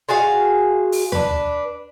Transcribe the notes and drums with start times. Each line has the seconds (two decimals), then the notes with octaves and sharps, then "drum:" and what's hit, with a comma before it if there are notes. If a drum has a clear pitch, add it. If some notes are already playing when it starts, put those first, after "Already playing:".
0.09 F4 F#4 G#4 F5
0.92 drum: open hi-hat
1.12 D4 B4, drum: tom D#2